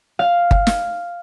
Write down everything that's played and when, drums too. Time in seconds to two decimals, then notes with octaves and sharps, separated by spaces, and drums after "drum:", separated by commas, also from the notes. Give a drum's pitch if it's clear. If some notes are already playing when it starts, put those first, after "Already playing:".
0.19 F5
0.51 drum: kick G1
0.67 drum: snare